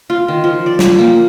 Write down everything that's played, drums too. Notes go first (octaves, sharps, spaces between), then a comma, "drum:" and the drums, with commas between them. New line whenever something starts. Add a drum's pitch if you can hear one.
F4
D#3
F3
D5
G5, drum: snare
A#3